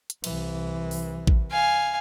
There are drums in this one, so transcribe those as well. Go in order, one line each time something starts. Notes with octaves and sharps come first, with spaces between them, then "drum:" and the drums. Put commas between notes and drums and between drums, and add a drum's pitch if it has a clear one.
drum: hi-hat
C2 E3, drum: cymbal
drum: open hi-hat
drum: kick A1
F5 G#5